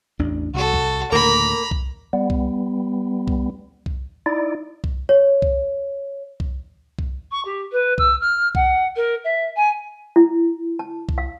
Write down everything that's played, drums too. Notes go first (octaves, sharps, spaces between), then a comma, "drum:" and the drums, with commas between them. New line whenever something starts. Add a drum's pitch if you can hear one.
A1 E2 D4
C2 F#4 A4
drum: kick C2
D2 A2 C#3 A#3 A#4 A#5 B5
drum: kick C2
G3 B3
drum: kick C2
drum: kick C2
drum: kick C2
D#4 E4 D5
drum: kick C2
C#5
drum: kick C2
drum: kick C2
drum: kick C2
C#6
G4
B4
E6, drum: kick C2
F6
F#5, drum: kick C2
A#4
E5
G#5
E4
A5
drum: kick C2
F5